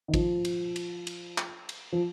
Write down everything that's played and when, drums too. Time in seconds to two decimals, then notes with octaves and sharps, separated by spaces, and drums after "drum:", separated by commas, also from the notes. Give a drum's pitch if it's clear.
0.08 D#3
0.14 F3, drum: kick A1, cymbal
0.45 drum: cymbal
0.76 drum: cymbal
1.07 drum: cymbal
1.38 drum: clap
1.69 drum: cymbal
1.92 F3